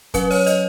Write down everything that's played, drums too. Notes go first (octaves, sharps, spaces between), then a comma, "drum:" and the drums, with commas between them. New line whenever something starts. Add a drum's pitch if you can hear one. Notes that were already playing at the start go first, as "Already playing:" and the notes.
F#3 C#4 B4, drum: kick, hi-hat
C#5, drum: open hi-hat
D#5, drum: hi-hat